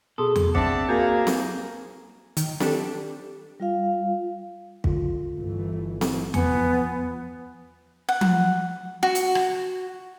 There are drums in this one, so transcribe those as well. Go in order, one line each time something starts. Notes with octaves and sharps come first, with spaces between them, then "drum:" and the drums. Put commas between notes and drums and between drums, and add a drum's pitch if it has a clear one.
B2 G#4 A4 C6 D#6
drum: tom E2
C4 D4 E5 F#5 A5 D6, drum: kick
A#3 F#4 G#4 G#5 A#5 G6
drum: snare C4
D#3, drum: hi-hat
D4 G4 A4, drum: snare C4
G3 F4 F5
D3 F4, drum: kick
G1 E3 A3
drum: snare C4
E2 F3 B3 G#5 C#7, drum: tom E2
F#5
drum: tom F3
F#4
drum: hi-hat
drum: rim click